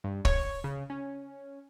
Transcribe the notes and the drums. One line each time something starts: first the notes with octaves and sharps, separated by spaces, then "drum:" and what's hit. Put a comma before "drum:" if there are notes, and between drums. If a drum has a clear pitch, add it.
G2
C#5, drum: kick
C#3
C#4